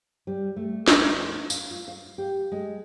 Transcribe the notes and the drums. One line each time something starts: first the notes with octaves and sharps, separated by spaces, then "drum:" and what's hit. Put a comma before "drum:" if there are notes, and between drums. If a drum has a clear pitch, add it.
G3
A3
F2, drum: snare
F5, drum: tambourine
F4
F5
G4
G#3